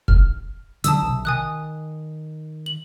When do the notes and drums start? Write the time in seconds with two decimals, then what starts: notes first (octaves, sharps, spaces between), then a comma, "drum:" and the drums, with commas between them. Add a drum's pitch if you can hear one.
0.08 F6, drum: kick F1
0.84 D3 F#3 A5 D#6 E6, drum: hi-hat
1.02 B1 C3
1.25 D#3 G#5 D#6 F#6
2.66 F#7